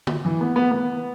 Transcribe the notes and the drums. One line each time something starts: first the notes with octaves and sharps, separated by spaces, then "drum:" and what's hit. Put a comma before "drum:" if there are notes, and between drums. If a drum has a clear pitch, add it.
drum: tom D3
E3
B3
B3
B3